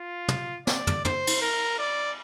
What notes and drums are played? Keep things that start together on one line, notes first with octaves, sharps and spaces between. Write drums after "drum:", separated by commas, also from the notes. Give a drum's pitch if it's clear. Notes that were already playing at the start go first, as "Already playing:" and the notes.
Already playing: F4
drum: tom
D5, drum: snare
drum: tom
C5, drum: tom
drum: cymbal
A#4
D5